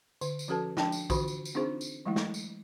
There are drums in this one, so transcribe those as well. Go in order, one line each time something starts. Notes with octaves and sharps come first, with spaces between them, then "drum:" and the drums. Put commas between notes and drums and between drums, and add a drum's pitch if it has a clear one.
D3, drum: tambourine
drum: tambourine
F3 C#4 F#4 A4 B4 A5
F3 D4 G5 A5, drum: snare
drum: tambourine
D3 E3 F4 F#4 C5 B5, drum: kick A#1, tambourine
drum: tambourine
drum: tambourine
C4 D4 D#4 F4 G#4 C5
drum: tambourine
E3 F#3 G#3 A3 E4
drum: snare
drum: tambourine